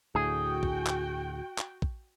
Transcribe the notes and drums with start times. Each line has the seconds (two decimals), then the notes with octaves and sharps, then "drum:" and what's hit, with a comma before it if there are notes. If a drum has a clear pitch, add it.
0.15 D2 A2 F#4 G#4 G5
0.63 drum: kick
0.87 drum: clap
1.58 drum: clap
1.82 drum: kick